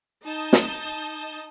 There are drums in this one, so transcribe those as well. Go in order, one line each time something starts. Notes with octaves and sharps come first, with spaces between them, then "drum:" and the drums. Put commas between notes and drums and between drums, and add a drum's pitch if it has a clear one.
D#4 A5 D#6 G6
drum: snare